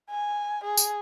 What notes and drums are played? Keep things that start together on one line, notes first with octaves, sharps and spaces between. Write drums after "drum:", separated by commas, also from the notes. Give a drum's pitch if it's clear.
G#5
G#4
drum: tambourine